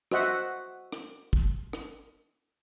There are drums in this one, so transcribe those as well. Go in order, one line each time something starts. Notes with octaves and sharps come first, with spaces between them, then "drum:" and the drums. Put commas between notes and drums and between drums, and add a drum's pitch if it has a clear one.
F#4 C5 D#5 E5 F#5, drum: rim click
drum: rim click
drum: kick
drum: rim click